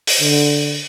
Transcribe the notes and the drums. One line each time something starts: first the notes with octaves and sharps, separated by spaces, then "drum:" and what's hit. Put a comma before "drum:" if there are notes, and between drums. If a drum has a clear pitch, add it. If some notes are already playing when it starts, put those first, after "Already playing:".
drum: open hi-hat
D3